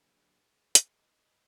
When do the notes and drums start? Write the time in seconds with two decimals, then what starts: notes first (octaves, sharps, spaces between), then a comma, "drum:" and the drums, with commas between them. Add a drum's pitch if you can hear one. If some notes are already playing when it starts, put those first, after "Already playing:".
Already playing: D3 F#3 A#3 D4 G#4 B4
0.75 drum: hi-hat
0.93 B4 D#5